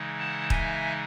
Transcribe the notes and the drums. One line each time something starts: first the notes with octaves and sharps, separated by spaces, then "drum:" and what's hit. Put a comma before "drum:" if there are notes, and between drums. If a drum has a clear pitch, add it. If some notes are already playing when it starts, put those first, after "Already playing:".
Already playing: C#3 E3 G#3 D#4
F#5 A5
E5 G#5, drum: kick